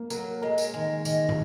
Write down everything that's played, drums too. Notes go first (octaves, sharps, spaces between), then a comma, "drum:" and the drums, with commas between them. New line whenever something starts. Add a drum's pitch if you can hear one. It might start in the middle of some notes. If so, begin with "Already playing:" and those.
Already playing: A#3
F#3 A#4, drum: tambourine
G#3 A#4
drum: tambourine
D#3 G#3
D#3 G#3, drum: tambourine
drum: tom